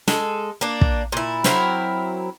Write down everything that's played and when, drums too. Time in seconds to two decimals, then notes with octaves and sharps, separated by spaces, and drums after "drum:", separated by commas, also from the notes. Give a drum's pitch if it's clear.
0.08 G#3 A4, drum: snare
0.61 A#3 D4
0.81 drum: kick
1.12 A#2 E4
1.44 F#3 C4 E4 A#4, drum: snare